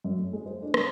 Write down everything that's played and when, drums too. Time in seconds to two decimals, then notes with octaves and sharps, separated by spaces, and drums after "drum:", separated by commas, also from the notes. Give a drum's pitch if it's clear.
0.04 F#2
0.17 A3
0.33 G#3
0.46 C5
0.62 D4
0.74 G#3, drum: rim click